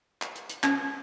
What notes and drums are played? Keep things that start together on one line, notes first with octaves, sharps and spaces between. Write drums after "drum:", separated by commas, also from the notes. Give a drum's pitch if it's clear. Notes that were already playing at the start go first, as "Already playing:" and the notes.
drum: clap
drum: hi-hat
drum: hi-hat
C#4, drum: clap